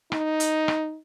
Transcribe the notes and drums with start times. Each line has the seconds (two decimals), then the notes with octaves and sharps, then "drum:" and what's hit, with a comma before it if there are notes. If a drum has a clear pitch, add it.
0.12 D#4, drum: rim click
0.40 drum: hi-hat
0.68 drum: rim click